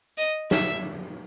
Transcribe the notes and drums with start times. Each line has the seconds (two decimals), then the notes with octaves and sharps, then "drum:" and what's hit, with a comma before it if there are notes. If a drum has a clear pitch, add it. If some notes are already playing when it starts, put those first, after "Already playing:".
0.18 D#5
0.51 E5, drum: snare